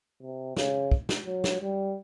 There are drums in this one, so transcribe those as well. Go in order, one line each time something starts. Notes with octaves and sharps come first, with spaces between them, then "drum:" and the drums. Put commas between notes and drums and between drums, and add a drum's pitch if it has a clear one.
C3
C#3, drum: snare
drum: kick
drum: snare
F#3
drum: snare
G3